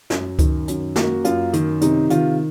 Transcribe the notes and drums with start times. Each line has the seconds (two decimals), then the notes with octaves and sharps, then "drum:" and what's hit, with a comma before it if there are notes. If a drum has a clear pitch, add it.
0.10 F#2, drum: snare
0.39 D#3, drum: kick C#2, hi-hat
0.68 F#2, drum: hi-hat
0.96 A#3 F#4, drum: snare
1.25 F#2 F4, drum: hi-hat
1.53 D#3, drum: hi-hat
1.81 C3 D#4, drum: hi-hat
2.10 D#3 F4, drum: hi-hat